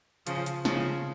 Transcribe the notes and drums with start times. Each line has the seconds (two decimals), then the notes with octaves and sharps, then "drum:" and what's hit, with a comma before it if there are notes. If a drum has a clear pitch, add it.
0.27 C#3 F3, drum: hi-hat
0.46 drum: hi-hat
0.65 C#3 F3, drum: snare